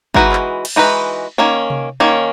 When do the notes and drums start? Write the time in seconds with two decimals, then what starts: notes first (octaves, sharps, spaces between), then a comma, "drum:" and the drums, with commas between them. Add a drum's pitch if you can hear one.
0.14 E3 G#3 D#4 F#4 B4, drum: kick
0.32 drum: clap
0.65 drum: cymbal
0.76 E3 G#3 D#4 F#4 B4
1.38 D#3 A#3 C#4
1.70 drum: tom C3
2.00 D#3 A#3 C#4